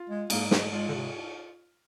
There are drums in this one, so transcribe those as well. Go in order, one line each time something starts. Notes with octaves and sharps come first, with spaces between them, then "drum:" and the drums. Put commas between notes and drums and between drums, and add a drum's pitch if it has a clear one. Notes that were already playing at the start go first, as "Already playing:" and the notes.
Already playing: F4
G#3
G#2 A#3, drum: cymbal
G#3, drum: snare
G#3 F4
D3
C3